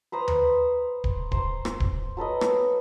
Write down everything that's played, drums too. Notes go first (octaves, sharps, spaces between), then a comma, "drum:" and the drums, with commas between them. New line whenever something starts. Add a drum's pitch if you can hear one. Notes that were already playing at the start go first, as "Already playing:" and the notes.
B4 C5 A#5 D#6
drum: tom D#2
drum: kick D1
C5 A#5, drum: kick D1
drum: rim click
drum: kick D1
F#3 A4 B4 D#5
drum: rim click